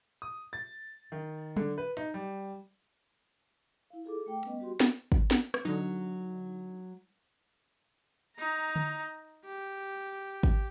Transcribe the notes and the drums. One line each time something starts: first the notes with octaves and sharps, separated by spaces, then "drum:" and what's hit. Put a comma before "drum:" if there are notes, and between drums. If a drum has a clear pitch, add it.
D#6
A6
D#3
D3, drum: tom F#3
B4
D#4, drum: hi-hat
G3
E4 F5
F4 G#4 A4 D6
A3 G5 D6
G3 B3 C#4 B4 D#5, drum: hi-hat
G3 F#4 G4 C6
drum: snare
drum: kick
drum: snare
drum: rim click
D3 F#3 D#4
D#4 A#5
drum: tom D3
G4
drum: kick